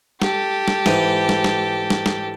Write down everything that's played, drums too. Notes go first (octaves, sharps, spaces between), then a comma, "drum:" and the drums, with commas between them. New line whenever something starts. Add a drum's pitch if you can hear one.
G4 A4, drum: snare
drum: snare
G#2 E3, drum: snare
drum: snare
drum: snare
drum: snare
drum: snare